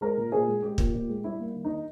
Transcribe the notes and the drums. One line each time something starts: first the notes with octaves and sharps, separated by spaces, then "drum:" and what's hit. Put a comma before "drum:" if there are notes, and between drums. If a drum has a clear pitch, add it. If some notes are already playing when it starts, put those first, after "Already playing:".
G#3 A#4
A#2
A#2 G#4
G#3
G#3 G4
A#2, drum: kick
A#2
G#3
G3 E4
A#3
D#3
D#4
D#3